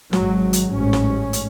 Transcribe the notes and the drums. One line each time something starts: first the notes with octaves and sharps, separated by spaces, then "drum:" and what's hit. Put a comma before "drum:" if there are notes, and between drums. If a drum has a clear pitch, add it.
G#1 G#2 F#3, drum: snare
drum: hi-hat
A1 G#2 C#4
drum: snare
drum: hi-hat